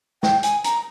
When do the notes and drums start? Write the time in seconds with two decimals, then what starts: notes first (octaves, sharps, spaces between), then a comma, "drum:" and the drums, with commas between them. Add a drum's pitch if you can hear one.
0.23 G5, drum: snare
0.43 G#5, drum: hi-hat
0.64 A#5, drum: hi-hat